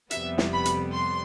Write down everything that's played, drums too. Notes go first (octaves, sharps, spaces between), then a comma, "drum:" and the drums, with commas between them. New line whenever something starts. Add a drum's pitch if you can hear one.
F2 C3 G3 B3 E5, drum: hi-hat
drum: snare
B5
drum: hi-hat
C6